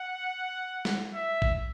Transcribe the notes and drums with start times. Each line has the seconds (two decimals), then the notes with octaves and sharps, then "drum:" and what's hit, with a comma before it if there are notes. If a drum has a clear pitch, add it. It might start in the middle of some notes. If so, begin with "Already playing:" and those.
Already playing: F#5
0.85 drum: snare
1.14 E5
1.42 drum: kick A1